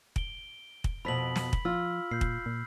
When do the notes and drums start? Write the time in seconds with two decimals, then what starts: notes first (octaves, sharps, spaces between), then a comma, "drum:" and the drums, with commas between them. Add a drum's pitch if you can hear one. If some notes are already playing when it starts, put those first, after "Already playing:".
0.16 D7 G7, drum: kick
0.84 drum: kick
1.05 F2 B2 B5 B6 F#7
1.36 drum: snare
1.53 drum: kick
1.65 F3 F4 E6 F6
2.11 A#2 G6 C7
2.21 drum: kick
2.46 A#2